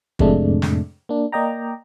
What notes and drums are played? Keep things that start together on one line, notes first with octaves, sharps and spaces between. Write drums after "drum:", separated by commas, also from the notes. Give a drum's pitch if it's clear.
F2 A2 C3 G#3 A3 D4, drum: kick
drum: snare
A#3 D4
A#3 D5 D#5 G5 A#5